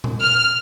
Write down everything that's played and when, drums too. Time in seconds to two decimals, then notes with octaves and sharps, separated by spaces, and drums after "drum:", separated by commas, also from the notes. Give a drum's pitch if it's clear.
0.04 drum: tom A#2
0.22 F6